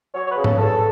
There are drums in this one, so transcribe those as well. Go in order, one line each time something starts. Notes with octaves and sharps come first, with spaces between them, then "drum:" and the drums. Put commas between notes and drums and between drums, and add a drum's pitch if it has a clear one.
F#3 C#5
C#5
B4
C#3
A4, drum: tom G#2
E2 A4